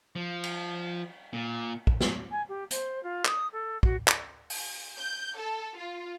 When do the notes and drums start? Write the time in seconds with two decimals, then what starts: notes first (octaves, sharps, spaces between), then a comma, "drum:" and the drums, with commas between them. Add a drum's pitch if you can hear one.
0.16 F3
0.44 drum: cymbal
1.33 A#2
1.87 drum: kick
2.01 drum: snare
2.31 G#5
2.48 G4
2.71 C5, drum: hi-hat
3.03 F4
3.25 D#6, drum: clap
3.52 A4
3.83 F#4, drum: kick
4.08 drum: clap
4.50 drum: open hi-hat
4.97 G6
5.37 A4
5.78 F4